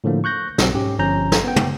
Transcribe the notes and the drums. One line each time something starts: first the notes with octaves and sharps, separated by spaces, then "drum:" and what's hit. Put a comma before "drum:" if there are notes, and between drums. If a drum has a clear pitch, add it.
A2 D3 F3 A#3
C#6 F#6 G6 A#6
B1 F#3 C4 A4, drum: snare
G#2 C#4 G4
G1 F3 C#4 A#5 G6
drum: snare
B3 G5
drum: tom